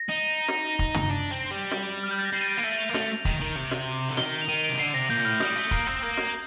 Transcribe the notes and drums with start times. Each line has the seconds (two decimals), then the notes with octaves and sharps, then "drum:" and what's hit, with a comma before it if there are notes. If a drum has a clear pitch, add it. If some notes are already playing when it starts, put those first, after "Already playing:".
Already playing: A#6
0.09 D#4
0.48 drum: snare
0.79 drum: kick
0.95 drum: tom
1.10 D4
1.31 C4
1.51 G3
1.71 drum: snare
2.03 F6
2.11 G6
2.19 A6
2.25 A#6
2.33 G3 C7
2.41 D#7
2.49 D7
2.58 A#3
2.63 A3 D#7
2.78 F7
2.89 A#3
2.94 A3, drum: snare
3.25 D#3, drum: kick
3.41 D#3
3.56 C3
3.71 drum: snare
4.08 D3
4.17 D#3 G7, drum: snare
4.41 F7
4.48 D#3 D#7
4.64 D7
4.70 C3
4.79 D3 C7
4.94 C3 A#6
5.10 A#2 G6
5.20 G6
5.25 A2 F6
5.40 G3 D#6, drum: snare
5.56 A3
5.71 A#3, drum: kick
5.87 C4
6.02 A#3
6.17 drum: snare